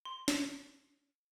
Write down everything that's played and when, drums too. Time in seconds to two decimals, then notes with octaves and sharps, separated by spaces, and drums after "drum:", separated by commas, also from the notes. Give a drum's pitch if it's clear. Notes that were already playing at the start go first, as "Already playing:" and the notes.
0.05 C6
0.28 drum: snare